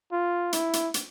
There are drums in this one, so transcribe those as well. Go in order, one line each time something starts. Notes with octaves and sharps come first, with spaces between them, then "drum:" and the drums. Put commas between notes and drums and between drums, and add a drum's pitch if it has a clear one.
F4
E4, drum: hi-hat
drum: hi-hat
drum: hi-hat